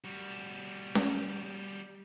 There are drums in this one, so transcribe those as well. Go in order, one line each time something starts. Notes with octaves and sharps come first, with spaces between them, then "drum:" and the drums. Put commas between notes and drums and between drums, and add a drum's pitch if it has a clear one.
G3 F#4
drum: snare C#4